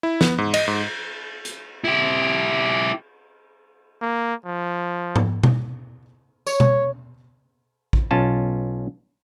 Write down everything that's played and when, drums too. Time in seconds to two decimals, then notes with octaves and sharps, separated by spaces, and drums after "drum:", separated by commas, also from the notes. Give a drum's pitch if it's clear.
0.03 E4
0.21 B3, drum: snare
0.38 G#2
0.54 D#5, drum: cymbal
0.68 G#2
1.45 drum: hi-hat
1.84 E4 G4
4.02 A#3
4.46 F3
5.16 drum: tom G#2
5.43 drum: tom B2
6.47 C#5, drum: tambourine
6.60 drum: tom B2
7.93 drum: kick A1
8.11 B1 C#4 F4 A5